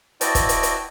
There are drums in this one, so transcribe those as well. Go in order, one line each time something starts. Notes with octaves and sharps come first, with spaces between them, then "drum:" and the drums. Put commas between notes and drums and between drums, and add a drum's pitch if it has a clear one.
E4 F#4 D5 D#5 G5 A5, drum: hi-hat
drum: kick, hi-hat
drum: hi-hat
drum: hi-hat